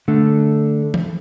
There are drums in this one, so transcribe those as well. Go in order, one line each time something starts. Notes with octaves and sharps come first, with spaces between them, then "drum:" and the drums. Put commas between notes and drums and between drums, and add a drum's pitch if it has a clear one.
D3 A3
drum: tom E3